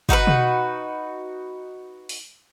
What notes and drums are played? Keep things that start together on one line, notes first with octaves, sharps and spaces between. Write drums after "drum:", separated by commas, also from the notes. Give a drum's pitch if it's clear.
D#4 F#4 A#4 B4, drum: kick
drum: tom B2
drum: open hi-hat